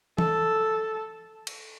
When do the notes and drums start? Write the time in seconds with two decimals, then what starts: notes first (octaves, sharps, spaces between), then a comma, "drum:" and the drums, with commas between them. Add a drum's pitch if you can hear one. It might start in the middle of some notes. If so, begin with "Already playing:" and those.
0.18 A4, drum: tom E3
1.47 drum: cymbal